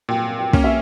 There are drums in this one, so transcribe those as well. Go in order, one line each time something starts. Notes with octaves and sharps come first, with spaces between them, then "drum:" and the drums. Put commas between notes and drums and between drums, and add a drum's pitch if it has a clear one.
A#2 G5
G5
A#3 C#4, drum: kick
E5